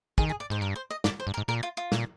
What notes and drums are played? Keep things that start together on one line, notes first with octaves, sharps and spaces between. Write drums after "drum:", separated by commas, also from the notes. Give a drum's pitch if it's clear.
D#3 G#4, drum: kick
G#4
D5
G#2 C5
G2 A#4
C5
D#5
G2 D5, drum: snare
C5
G2
A#4
G#2
A#2 A#4
F4
F4
A#2, drum: snare